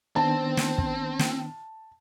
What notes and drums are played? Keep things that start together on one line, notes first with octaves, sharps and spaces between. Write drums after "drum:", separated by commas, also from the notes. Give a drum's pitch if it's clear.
D#3 B3 C4 D4 A5
drum: snare
drum: kick
drum: snare